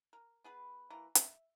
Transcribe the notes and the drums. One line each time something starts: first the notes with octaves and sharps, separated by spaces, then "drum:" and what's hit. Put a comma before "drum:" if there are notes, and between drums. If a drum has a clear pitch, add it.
A#4
B3 G#4 B4
E3 A#3 A#5
E5, drum: hi-hat